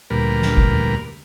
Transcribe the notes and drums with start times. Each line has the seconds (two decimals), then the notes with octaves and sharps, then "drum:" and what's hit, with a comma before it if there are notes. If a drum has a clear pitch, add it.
0.10 D2 A#2 G3 A#4 B4 F6
0.42 drum: snare
0.57 drum: kick
0.73 drum: tom E2